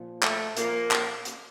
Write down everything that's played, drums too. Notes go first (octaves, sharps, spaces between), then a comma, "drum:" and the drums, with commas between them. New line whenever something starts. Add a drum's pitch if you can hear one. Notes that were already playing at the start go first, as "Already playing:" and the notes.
Already playing: A#2 F3
A3, drum: clap
A#2 F3 A#3, drum: hi-hat
drum: clap
drum: hi-hat